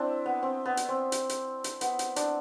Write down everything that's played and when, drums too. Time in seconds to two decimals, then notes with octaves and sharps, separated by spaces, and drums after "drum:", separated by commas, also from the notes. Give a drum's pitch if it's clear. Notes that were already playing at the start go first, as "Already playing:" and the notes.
Already playing: C4 D4 E4
0.26 B3
0.43 C4
0.66 B3
0.77 drum: hi-hat
0.89 C4
1.12 drum: hi-hat
1.29 drum: hi-hat
1.64 drum: hi-hat
1.81 B3, drum: hi-hat
1.99 drum: hi-hat
2.16 D4, drum: hi-hat